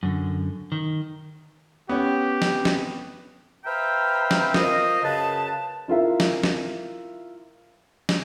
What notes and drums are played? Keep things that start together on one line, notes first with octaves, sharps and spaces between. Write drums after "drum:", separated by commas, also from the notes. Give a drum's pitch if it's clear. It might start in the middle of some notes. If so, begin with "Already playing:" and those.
F#2 D3
D#3
B3 C#4 G4
drum: snare
drum: snare
B4 C5 E5 F5 G5 A#5
drum: snare
F4 A#4 C5 D#5, drum: snare
F#2 C#3 B4 A5
E4 F4 A#4 E5
drum: snare
drum: snare
drum: snare